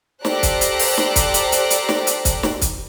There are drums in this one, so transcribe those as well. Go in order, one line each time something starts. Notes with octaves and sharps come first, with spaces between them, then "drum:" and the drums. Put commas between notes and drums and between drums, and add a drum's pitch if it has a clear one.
G4 A4 C5 D5 A#5 F#6, drum: snare
drum: kick, hi-hat
drum: hi-hat
drum: open hi-hat
drum: snare
drum: kick, hi-hat
drum: hi-hat
drum: hi-hat
drum: hi-hat
drum: snare
drum: hi-hat
drum: kick, hi-hat
drum: snare
drum: kick, hi-hat